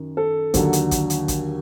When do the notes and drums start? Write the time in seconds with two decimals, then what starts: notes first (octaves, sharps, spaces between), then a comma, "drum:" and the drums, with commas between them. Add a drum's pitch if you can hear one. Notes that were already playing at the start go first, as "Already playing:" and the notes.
Already playing: F#2 D#3
0.17 A4
0.54 D#2 D3 F#3, drum: kick A1, hi-hat
0.73 drum: hi-hat
0.91 drum: kick A1, hi-hat
1.10 drum: hi-hat
1.28 drum: kick A1, hi-hat